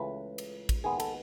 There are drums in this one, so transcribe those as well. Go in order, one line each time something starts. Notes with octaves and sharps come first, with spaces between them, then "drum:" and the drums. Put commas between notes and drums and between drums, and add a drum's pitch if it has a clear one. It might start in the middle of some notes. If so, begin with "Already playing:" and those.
Already playing: C#2 C#3 E3 A3 B4
drum: cymbal
drum: kick, cymbal
D#2 D#3 G#3 B3 G#4
A4, drum: cymbal